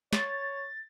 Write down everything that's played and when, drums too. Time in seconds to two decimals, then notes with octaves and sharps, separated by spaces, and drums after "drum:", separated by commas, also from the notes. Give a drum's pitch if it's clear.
0.13 C#5 A6, drum: snare